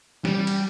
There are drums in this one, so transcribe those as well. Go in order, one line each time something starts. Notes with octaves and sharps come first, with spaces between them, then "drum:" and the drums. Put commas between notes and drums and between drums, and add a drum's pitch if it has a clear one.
G3, drum: snare
drum: cymbal